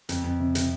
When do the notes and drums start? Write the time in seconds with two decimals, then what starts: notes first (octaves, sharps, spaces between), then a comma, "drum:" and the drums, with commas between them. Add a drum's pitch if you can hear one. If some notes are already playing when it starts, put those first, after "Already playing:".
0.09 F2, drum: hi-hat
0.24 F2
0.40 C3
0.55 C3, drum: hi-hat